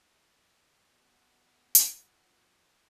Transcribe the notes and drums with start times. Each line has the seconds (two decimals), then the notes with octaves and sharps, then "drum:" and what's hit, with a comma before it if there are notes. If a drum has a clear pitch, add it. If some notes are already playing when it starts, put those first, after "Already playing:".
0.92 B2 F#5
1.75 drum: hi-hat
1.98 F3